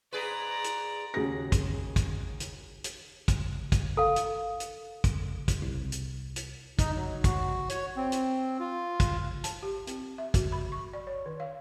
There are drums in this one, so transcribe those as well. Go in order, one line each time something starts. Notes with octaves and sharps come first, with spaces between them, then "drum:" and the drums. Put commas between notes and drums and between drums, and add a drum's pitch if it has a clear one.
G#2 G#4 B4 D5 A#5
drum: hi-hat
D#2 C#3 F#4 G#4 A#6
drum: kick, hi-hat
drum: kick, hi-hat
drum: hi-hat
drum: hi-hat
drum: kick, hi-hat
drum: kick, hi-hat
A4 F5
drum: hi-hat
drum: hi-hat
drum: kick, hi-hat
drum: kick, hi-hat
C2
drum: hi-hat
drum: hi-hat
D#4, drum: kick, hi-hat
F#3
F#4, drum: kick, hi-hat
C#5, drum: hi-hat
C4
drum: hi-hat
F4
drum: kick, hi-hat
A5, drum: hi-hat
G4
C4, drum: hi-hat
E5
F#4, drum: kick, hi-hat
B5
C#6
D5
C#5
D#3
F5